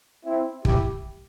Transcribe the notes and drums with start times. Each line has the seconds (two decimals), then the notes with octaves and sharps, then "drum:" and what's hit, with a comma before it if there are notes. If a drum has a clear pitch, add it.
0.25 C4 E4
0.65 E4 G4, drum: kick